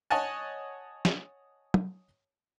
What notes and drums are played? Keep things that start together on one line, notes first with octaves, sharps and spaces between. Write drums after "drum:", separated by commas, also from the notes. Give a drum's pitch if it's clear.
C#5 D#5 F#5 G#5 A5
drum: snare
drum: tom